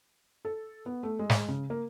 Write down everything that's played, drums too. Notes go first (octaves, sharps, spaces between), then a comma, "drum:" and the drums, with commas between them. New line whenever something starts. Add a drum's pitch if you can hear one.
A4
B3
A3
G#3
drum: snare
C#3
A#3